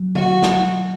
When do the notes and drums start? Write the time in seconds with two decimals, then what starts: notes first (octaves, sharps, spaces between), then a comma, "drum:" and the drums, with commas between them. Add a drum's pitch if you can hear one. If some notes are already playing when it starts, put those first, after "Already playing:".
Already playing: F#3
0.15 F#4, drum: tom
0.43 drum: snare